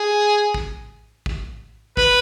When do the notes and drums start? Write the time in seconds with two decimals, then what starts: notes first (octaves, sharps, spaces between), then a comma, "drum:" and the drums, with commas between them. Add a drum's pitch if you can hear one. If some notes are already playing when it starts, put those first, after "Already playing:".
Already playing: G#4
0.54 drum: kick
1.26 drum: kick
1.97 B4, drum: kick